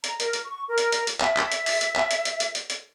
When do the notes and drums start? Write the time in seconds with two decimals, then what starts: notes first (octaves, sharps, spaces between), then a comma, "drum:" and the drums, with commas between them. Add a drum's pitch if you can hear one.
0.04 A#5, drum: hi-hat
0.20 A#4, drum: hi-hat
0.33 drum: hi-hat
0.44 C#6
0.68 A#4
0.78 drum: hi-hat
0.92 drum: hi-hat
1.07 drum: hi-hat
1.21 E5, drum: clap
1.37 drum: clap
1.52 drum: hi-hat
1.66 drum: open hi-hat
1.81 drum: hi-hat
1.96 drum: clap
2.11 drum: hi-hat
2.25 drum: hi-hat
2.40 drum: hi-hat
2.55 drum: hi-hat
2.70 drum: hi-hat